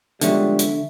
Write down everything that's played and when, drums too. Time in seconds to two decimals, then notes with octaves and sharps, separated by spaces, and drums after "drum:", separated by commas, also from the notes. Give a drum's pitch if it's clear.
0.21 D3 F3 G3 G#3 B3 C#4 E5, drum: hi-hat
0.59 drum: hi-hat